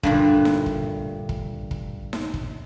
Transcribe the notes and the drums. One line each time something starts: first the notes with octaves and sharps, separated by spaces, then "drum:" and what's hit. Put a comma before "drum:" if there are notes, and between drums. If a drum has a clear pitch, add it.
G2 A#2 D3 A3, drum: kick
drum: snare D#4
drum: kick
drum: kick
drum: kick
drum: snare D#4
drum: kick